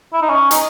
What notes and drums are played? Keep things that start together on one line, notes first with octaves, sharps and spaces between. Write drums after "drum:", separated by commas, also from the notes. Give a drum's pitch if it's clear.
E4
D#4
C#4
D#4, drum: hi-hat